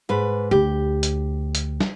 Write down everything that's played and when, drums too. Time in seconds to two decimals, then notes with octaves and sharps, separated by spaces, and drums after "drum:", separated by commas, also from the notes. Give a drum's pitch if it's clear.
0.09 G#2 B4
0.51 D2 G4
1.03 drum: hi-hat
1.55 drum: hi-hat
1.80 drum: snare